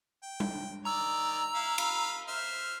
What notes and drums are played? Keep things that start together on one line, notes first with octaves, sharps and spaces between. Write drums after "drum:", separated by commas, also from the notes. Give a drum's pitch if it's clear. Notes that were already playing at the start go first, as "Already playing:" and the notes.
G5
drum: tom G3
D#3 D5 A#5 E6
E4 F5
F5 B5, drum: cymbal
C5 E5 F6